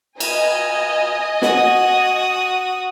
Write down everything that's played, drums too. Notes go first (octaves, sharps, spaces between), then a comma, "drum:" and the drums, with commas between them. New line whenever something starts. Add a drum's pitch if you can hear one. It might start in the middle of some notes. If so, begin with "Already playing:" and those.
D#5 G#5, drum: cymbal
F#4 D#6, drum: snare